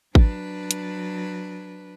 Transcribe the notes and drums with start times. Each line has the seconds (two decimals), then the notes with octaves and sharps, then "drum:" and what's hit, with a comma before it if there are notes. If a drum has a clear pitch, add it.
0.15 F#3 D4 B4, drum: kick G#1
0.71 drum: hi-hat